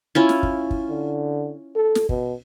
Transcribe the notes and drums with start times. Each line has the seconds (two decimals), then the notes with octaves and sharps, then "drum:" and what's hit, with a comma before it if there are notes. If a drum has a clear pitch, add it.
0.15 C#4 E4 F4
0.29 drum: snare
0.43 drum: kick
0.71 drum: kick
0.89 D3
1.76 A4
1.95 drum: snare
2.09 B2, drum: kick